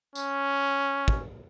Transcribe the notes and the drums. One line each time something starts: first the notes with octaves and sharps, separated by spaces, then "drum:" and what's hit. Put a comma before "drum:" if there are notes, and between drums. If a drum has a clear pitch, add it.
C#4, drum: tambourine
drum: kick